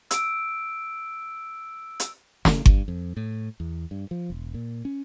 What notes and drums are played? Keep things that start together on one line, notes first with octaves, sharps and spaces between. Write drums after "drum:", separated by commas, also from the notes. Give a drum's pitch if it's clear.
E6 D7, drum: hi-hat
drum: hi-hat
C#3, drum: snare
G2, drum: kick G1
F2
A2
E2
G2
F3
E1
A#2
C#4